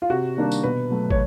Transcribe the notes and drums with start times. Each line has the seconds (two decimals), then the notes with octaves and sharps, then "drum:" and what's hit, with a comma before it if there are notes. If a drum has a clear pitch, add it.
0.02 F4
0.10 C3 F#4
0.37 D#3 G3 A#3 D4
0.51 drum: tambourine
0.63 B2 B4
0.90 F#3 A3
1.11 C#5, drum: kick